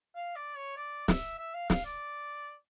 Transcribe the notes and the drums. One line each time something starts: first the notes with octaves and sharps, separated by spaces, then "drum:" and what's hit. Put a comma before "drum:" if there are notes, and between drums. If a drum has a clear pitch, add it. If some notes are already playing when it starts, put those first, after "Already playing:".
F5
D5
C#5
D5
E5, drum: snare
E5
F5
F5, drum: snare
D5